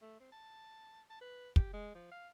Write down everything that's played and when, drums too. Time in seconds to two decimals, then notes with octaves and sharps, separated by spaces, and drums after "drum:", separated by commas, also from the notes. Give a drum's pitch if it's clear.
0.02 A3
0.20 C4
0.32 A5
1.10 A5
1.21 B4
1.56 G4, drum: kick
1.73 G#3
1.95 F3
2.11 F5